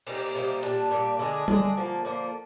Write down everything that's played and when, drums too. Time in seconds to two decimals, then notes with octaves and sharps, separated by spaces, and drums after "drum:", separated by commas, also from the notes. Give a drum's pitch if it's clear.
0.07 C3 G3 A#3 D#4, drum: cymbal
0.35 C3 G3 A#3 D#4
0.63 A#2 G3 D4, drum: hi-hat
0.91 A#2 G3 D4
1.19 D3 G#3 D4 G#4
1.48 D3 G#3 D4 G#4, drum: tom G3
1.77 D3 F3 A#3
2.05 D3 F3 A#3